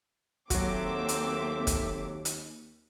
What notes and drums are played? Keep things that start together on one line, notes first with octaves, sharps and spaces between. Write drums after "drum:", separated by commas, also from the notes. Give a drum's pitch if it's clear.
D#2 F#3 A#3 C4 F#4 A4 E5 D6, drum: kick, hi-hat
drum: hi-hat
drum: kick, hi-hat
drum: hi-hat